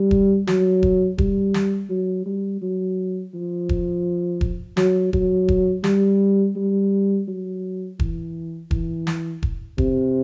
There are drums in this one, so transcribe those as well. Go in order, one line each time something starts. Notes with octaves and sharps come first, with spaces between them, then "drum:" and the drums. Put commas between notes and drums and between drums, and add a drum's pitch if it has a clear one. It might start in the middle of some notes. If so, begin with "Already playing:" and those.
Already playing: G3
drum: kick E1
F#3, drum: snare
drum: kick E1
G3, drum: kick E1
drum: snare
F#3
G3
F#3
F3
drum: kick E1
drum: kick E1
F#3, drum: snare
F#3, drum: kick E1
drum: kick E1
G3, drum: snare
G3
F#3
E3, drum: kick E1
E3, drum: kick E1
drum: snare
drum: kick E1
C3, drum: kick E1